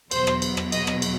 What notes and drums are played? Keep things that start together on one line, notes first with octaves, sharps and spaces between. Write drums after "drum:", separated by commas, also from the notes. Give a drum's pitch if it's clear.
E2 B2 F#3 C5, drum: cymbal
drum: rim click
drum: cymbal
drum: rim click
D#5, drum: cymbal
drum: rim click
drum: cymbal